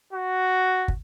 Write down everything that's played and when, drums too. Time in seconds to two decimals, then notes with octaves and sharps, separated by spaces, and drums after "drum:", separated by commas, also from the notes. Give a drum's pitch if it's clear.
0.13 F#4
0.88 drum: kick